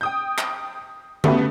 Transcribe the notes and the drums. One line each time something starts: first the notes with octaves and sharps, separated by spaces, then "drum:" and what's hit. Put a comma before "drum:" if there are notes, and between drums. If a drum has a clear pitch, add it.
G5 D#6 G6
drum: clap
C#3 A3 B3 F#4 G4 B4, drum: tom D3